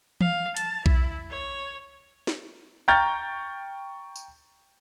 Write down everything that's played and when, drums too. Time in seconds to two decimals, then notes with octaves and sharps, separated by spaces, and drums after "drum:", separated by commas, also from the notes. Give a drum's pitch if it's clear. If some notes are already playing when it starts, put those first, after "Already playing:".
0.21 F5, drum: tom E3
0.57 A5, drum: hi-hat
0.86 E4, drum: kick B1
1.30 C#5
2.27 drum: snare
2.88 G5 A#5 C#6 F6 G6 A6
4.16 drum: tambourine